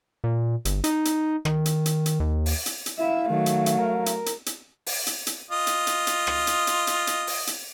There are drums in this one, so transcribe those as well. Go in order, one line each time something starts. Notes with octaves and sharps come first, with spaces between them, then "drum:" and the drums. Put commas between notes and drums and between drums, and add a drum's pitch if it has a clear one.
A#2
G1, drum: hi-hat
D#4, drum: hi-hat
drum: hi-hat
D#3, drum: rim click
drum: hi-hat
drum: hi-hat
drum: hi-hat
D#2
drum: open hi-hat
drum: hi-hat
drum: hi-hat
E4 E5 F5
D#3 F#3 A3
drum: hi-hat
drum: hi-hat
A#4
drum: hi-hat
drum: hi-hat
drum: hi-hat
drum: open hi-hat
drum: hi-hat
drum: hi-hat
F4 D#5
drum: hi-hat
drum: hi-hat
drum: hi-hat
drum: rim click
drum: hi-hat
drum: hi-hat
drum: hi-hat
drum: hi-hat
drum: open hi-hat
drum: hi-hat